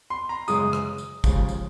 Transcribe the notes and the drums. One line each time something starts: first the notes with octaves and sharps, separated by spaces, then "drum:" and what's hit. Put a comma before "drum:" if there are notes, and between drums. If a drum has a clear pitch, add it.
C6
A#5
F#2 C#3 G#3 D#6, drum: tambourine
drum: rim click
drum: tambourine
D#2 C#3 F3 G#3, drum: kick, tambourine
drum: tambourine